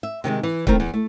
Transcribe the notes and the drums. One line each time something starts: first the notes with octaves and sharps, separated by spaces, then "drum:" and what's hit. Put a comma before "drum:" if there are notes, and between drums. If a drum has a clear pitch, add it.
E5
C3 D#3 F#3 G#3
E3
D#3 G3 A3 C4 A#4, drum: kick
E2
A3